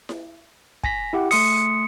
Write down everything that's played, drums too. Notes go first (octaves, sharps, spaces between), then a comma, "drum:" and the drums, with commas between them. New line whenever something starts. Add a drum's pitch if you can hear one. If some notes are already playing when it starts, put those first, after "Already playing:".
drum: snare E4
G#5 A#6 B6, drum: kick
E4 G4 F#5
A3 C6 D#6 C#7, drum: open hi-hat